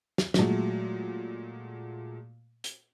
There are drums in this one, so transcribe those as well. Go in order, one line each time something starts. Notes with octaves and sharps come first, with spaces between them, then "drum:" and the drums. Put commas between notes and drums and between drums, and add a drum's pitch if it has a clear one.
drum: snare
A#2 F#3 G#3 A3, drum: snare
drum: hi-hat